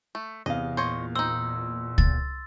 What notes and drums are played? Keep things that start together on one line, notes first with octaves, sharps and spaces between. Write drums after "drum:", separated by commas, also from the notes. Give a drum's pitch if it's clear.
A3
E2 C3 D#5 F5
A#2 C5 C#5 D#5
C4 D#4 C6 E6
A6, drum: kick